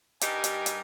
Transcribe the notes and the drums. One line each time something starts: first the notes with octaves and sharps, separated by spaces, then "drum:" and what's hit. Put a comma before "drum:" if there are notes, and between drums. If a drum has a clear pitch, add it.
G2 G3 D#4 G4 A#4 G#5, drum: hi-hat
drum: hi-hat
drum: hi-hat